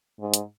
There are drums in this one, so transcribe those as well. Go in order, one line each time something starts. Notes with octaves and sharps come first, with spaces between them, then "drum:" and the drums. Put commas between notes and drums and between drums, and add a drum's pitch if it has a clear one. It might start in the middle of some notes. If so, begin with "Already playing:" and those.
G#2
drum: hi-hat